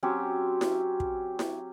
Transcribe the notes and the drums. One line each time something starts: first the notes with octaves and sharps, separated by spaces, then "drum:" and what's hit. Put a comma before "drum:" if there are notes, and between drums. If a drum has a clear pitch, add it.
F#3 C4 C#4 G4
drum: snare E4
drum: kick
drum: snare E4